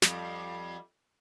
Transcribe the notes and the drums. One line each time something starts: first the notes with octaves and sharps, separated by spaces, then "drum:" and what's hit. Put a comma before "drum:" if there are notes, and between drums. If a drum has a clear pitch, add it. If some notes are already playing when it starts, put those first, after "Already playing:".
F2 G3, drum: snare